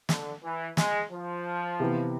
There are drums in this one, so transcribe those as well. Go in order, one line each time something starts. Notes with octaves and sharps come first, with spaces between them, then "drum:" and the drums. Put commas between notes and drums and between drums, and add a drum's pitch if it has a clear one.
D3, drum: snare
E3
G#3, drum: snare
F3
C3 E3 B3